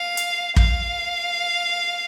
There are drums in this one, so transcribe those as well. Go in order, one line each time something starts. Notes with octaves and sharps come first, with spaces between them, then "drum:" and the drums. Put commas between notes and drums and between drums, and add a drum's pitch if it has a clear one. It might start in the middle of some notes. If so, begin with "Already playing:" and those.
Already playing: F5
drum: hi-hat
F5, drum: kick